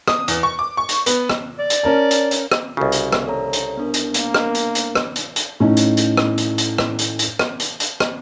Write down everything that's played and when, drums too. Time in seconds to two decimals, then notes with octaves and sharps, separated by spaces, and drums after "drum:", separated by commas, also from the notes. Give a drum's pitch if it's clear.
0.08 D#6, drum: rim click
0.28 E2, drum: hi-hat
0.43 C#6
0.59 D6
0.77 C#6
0.89 drum: hi-hat
1.06 B3, drum: hi-hat
1.30 drum: rim click
1.59 D5
1.70 drum: hi-hat
1.83 C#4 A#4 A5
2.11 drum: hi-hat
2.31 drum: hi-hat
2.52 drum: rim click
2.77 C2 C#3 F#4 A4
2.92 drum: hi-hat
3.12 drum: rim click
3.28 A4 C#5 A#5
3.53 drum: hi-hat
3.77 B3 D4 A#4
3.94 drum: hi-hat
4.14 A#3, drum: hi-hat
4.34 drum: rim click
4.55 drum: hi-hat
4.75 drum: hi-hat
4.95 drum: rim click
5.16 drum: hi-hat
5.36 drum: hi-hat
5.60 A2 C#4 D#4
5.77 drum: hi-hat
5.97 drum: hi-hat
6.17 drum: rim click
6.38 drum: hi-hat
6.58 drum: hi-hat
6.78 drum: rim click
6.99 drum: hi-hat
7.19 drum: hi-hat
7.39 drum: rim click
7.60 drum: hi-hat
7.80 drum: hi-hat
8.00 drum: rim click